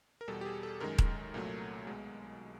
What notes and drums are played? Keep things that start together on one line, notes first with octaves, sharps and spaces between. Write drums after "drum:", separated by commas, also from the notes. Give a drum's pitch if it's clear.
A#4
E2 B2 G3 A4
G4
G#4
A4
F#2 D#3 G#3 A#4
drum: kick D#1
C2 A#2 F#3 A3
B1 B2 G#3